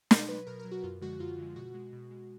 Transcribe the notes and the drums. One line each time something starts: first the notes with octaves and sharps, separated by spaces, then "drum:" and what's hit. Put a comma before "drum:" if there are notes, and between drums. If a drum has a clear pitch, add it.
B2 A#4, drum: snare
F#3 B4
B2 A#4
A#4
F#3
F#4
F#2 F4
D3 F3 G#3 F#4
F#2 F4
D3 F3 G#3
B2 F#4
G#3
B2
G#3